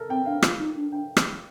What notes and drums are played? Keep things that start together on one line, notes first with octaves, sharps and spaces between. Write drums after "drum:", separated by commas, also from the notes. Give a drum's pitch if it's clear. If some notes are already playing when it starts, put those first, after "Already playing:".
Already playing: A4 A#4
C4 G5
D4 F5
F4, drum: rim click
D#4
D4
D4 G5
drum: rim click